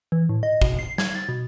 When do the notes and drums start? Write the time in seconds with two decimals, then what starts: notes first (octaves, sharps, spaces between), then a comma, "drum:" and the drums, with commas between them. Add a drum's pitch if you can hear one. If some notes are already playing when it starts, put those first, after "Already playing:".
0.12 E3
0.29 A2
0.43 D#5
0.62 B2, drum: kick
0.79 C7
0.98 G#6, drum: snare
1.15 A6
1.29 B2